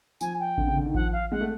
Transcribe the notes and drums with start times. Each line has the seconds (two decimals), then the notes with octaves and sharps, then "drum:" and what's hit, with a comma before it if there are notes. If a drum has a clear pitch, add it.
0.21 F3 G#5, drum: tambourine
0.39 G5
0.58 D3, drum: kick A1
0.67 C#3
0.76 D3
0.86 D#3
0.94 F3 F#5, drum: kick A1
1.12 F5
1.31 G#3 F#5
1.41 A3